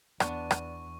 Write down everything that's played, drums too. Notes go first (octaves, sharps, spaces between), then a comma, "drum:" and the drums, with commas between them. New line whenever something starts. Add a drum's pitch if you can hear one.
E2 B3 D4 D5 C#6, drum: rim click
drum: rim click